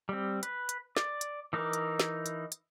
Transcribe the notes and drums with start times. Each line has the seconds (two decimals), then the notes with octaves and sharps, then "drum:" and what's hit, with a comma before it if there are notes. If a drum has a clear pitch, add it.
0.09 G3 C4
0.43 B4, drum: hi-hat
0.69 drum: hi-hat
0.97 D5, drum: snare
1.21 drum: hi-hat
1.53 E3 D#4 A#4 D6
1.73 drum: hi-hat
2.00 drum: snare
2.26 drum: hi-hat
2.52 drum: hi-hat